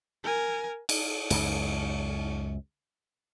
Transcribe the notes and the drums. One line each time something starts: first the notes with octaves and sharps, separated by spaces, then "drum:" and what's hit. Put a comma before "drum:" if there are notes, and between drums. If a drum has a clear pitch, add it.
A#4 G#5
drum: cymbal
C#2 F#2, drum: cymbal